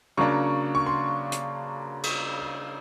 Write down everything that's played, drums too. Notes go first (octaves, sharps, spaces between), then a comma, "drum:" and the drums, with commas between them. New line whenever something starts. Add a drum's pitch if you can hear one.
C#3 F#3 A#3 D4 C#6
C#6
C6
drum: hi-hat
drum: cymbal